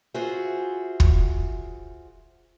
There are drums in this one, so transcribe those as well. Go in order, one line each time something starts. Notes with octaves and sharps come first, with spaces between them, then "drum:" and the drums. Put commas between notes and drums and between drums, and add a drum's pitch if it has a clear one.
F4 F#4 G#4 C5 E5
drum: kick